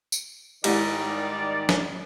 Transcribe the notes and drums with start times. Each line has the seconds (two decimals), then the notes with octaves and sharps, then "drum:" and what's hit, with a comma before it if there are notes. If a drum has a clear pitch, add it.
0.12 drum: tambourine
0.64 G#2 D#3 G3 G#3 E4 G4 D5, drum: cymbal
1.69 drum: snare